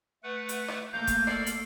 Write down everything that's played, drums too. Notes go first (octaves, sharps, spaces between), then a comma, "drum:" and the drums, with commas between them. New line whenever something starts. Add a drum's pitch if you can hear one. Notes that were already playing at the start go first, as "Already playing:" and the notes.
A3 B4 F#5
drum: hi-hat
drum: rim click
A3 A#3 F5 A#5 D6 G6
drum: kick G1, hi-hat
A4 A#4 D5 C7, drum: rim click
drum: hi-hat